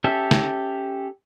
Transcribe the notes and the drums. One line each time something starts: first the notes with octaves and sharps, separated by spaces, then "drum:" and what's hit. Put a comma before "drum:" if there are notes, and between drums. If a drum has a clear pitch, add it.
C#4 G4 A4 E5
drum: snare